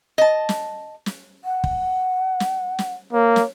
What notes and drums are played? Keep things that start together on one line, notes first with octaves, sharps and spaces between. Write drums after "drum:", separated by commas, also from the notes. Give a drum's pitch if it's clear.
D#5 A5
drum: snare
drum: snare
F#5
drum: kick
drum: snare
drum: snare
A#3 C#5
drum: snare